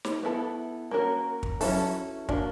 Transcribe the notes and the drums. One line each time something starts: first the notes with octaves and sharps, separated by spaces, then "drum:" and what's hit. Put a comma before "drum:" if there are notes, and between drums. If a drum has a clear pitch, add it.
drum: snare
B3 E4 A4
A#3 C#4 F#4 A#4
drum: kick
F#3 A3 C#4 E4 A4, drum: open hi-hat
A#3 D4 F#4, drum: kick